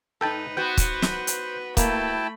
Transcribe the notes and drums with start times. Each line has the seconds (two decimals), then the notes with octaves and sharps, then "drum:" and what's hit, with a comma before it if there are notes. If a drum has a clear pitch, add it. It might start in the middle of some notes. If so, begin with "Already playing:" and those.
0.21 G#2 D#4 A4 B4 G5 A5
0.57 B3 F#4 C5 G5
0.77 drum: kick, hi-hat
1.02 drum: snare
1.27 drum: hi-hat
1.77 A3 A#3 E4 G5 A5 B5, drum: kick, hi-hat